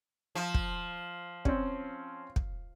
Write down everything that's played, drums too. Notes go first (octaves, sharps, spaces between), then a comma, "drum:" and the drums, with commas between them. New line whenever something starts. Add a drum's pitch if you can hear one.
F3
drum: kick
C4 C#4, drum: kick
drum: kick